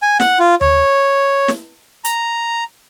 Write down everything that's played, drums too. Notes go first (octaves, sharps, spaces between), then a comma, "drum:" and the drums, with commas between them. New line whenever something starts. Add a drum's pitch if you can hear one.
G#5
F#5, drum: snare
F4
C#5, drum: tom D#2
drum: snare
A#5, drum: hi-hat